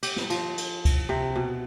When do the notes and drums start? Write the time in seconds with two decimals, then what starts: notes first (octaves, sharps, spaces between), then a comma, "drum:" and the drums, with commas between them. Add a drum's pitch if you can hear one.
0.03 G4, drum: cymbal
0.16 drum: snare
0.30 F3, drum: cymbal
0.58 drum: cymbal
0.85 drum: kick C#2, cymbal
1.09 C3
1.36 B2